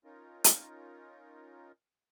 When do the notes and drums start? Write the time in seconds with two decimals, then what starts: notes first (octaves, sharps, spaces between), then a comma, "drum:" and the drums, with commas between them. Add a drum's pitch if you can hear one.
0.04 C#4 D#4 F4 A#4
0.44 drum: hi-hat